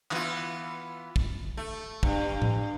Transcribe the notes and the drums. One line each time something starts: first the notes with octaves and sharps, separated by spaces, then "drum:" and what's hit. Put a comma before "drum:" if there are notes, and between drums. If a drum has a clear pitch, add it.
E3 B3 F4, drum: clap
drum: kick
A3
G2, drum: kick
drum: tom A2